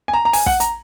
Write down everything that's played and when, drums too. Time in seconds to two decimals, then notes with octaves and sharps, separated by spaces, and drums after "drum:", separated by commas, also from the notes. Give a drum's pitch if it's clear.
0.08 G#5
0.13 A#5
0.25 A#5
0.33 G#5, drum: open hi-hat
0.46 F#5, drum: kick
0.60 A#5, drum: hi-hat